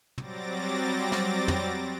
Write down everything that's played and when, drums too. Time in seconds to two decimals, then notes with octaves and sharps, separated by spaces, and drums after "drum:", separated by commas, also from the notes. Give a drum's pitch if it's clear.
0.18 F#3 G3 C4 D6 A6 A#6, drum: tom
1.12 drum: snare
1.48 drum: tom